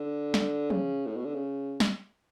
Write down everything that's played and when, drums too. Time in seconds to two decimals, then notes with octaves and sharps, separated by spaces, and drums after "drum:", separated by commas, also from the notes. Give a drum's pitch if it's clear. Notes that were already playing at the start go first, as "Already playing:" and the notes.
Already playing: D3
0.34 drum: snare
0.70 C#3, drum: tom
1.07 A2
1.17 B2
1.25 D3
1.35 C#3
1.80 drum: snare